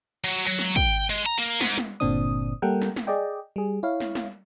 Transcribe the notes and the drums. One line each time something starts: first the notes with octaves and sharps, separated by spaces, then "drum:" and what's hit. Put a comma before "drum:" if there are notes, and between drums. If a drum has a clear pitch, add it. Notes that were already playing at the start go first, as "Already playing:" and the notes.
F#3
F#3
drum: snare
G5, drum: kick
G#3
A#5
A#3
G#2, drum: snare
drum: snare
G1 A#2 D3 C4 D4 D#6
G3 A#3 A4 A#4 F#5 G5
drum: snare
drum: snare
G#4 D5 D#5 G5
G3 G#4
E4 C#5 F5
drum: snare
drum: snare